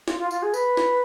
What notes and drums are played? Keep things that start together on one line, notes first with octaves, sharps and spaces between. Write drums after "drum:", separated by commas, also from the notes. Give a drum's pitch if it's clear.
F4, drum: snare
F4
F4, drum: tambourine
G#4
B4, drum: tambourine
drum: snare